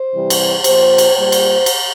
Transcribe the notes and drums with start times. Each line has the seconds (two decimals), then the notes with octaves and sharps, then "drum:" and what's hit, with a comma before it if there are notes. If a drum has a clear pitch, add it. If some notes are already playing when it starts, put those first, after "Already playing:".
Already playing: C5
0.14 C3 E3 G3
0.30 drum: cymbal
0.64 A#2 F3 C5, drum: cymbal
0.98 drum: cymbal
1.15 A#2 G3 C5
1.32 drum: cymbal
1.66 drum: cymbal